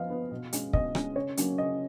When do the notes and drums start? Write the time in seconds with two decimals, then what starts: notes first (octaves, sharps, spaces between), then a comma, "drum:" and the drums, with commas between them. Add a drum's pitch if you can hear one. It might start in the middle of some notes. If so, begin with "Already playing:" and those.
Already playing: F3 B3 D#5 F5
0.10 B3
0.31 B2
0.53 G#3 C#4, drum: hi-hat
0.73 B2 D#5, drum: kick
0.95 G#3 C#4, drum: rim click
1.16 C#3 C#5
1.37 F#3 A#3 C#4, drum: hi-hat
1.58 C#3 D#5